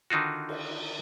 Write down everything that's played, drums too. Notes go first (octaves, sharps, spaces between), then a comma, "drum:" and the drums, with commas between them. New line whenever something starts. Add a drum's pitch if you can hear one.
D3 D#3 D#4 F4 F#4
drum: cymbal